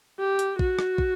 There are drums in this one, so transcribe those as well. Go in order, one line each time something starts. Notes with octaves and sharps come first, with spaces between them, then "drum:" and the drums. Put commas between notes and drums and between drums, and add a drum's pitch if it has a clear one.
G4
drum: hi-hat
F#4, drum: kick
drum: rim click
drum: kick